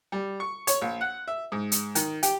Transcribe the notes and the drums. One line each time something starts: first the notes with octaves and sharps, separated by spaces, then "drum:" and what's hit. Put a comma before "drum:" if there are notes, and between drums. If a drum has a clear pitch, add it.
G3
C#6
C#5, drum: hi-hat
A#1
F#5
E5
G#2
drum: hi-hat
D#3, drum: hi-hat
G4, drum: hi-hat